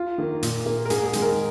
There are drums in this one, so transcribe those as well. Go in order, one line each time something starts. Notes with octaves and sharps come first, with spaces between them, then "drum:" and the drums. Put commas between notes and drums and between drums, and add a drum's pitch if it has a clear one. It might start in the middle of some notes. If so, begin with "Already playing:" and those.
Already playing: F4
D#3 A#3
A#2, drum: hi-hat
A#3
A#4
G#2 G#4, drum: hi-hat
G#4
D#3 G#3, drum: hi-hat
A#4